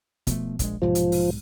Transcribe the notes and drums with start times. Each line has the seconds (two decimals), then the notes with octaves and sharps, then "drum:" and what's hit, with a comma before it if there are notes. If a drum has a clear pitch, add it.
0.27 B2 F3 A3, drum: kick, hi-hat
0.59 A#1 C#3 G#3, drum: kick, hi-hat
0.82 B1 G#2 C3 F3
0.95 drum: hi-hat
1.12 drum: open hi-hat